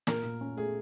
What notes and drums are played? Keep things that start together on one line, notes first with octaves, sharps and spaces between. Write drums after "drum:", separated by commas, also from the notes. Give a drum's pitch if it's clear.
A#2 A#4, drum: snare
A#2
C#4
A3 G#4